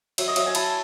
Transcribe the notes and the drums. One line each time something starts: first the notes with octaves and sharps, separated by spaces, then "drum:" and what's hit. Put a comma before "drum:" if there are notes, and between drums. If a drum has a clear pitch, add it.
F#3 E5, drum: cymbal
D#5
F#3 E5, drum: cymbal
G#5
E4 A5, drum: cymbal